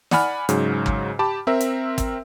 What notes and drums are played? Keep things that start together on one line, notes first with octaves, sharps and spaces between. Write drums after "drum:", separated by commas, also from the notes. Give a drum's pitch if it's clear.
D5 F#5 G#5 B5 F6, drum: snare
G#2 C#3 F#3, drum: hi-hat
drum: kick
G4 A5 B5 D6
C4 A#4 E5
drum: hi-hat
drum: kick, hi-hat